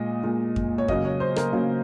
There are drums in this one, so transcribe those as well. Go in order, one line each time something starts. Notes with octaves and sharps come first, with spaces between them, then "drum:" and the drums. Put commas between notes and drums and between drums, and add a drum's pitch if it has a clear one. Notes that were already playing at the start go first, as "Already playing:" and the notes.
Already playing: A#2 G#3 D#5
A#2 G#3
drum: kick F2
C#5
C#3 F#3 A#3 D#5, drum: kick F2
C#5
C5
A#4, drum: rim click
C#3 F#3 A#3